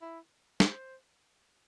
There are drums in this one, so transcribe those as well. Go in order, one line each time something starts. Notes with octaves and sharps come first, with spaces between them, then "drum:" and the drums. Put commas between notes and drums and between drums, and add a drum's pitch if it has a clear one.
E4
C5, drum: snare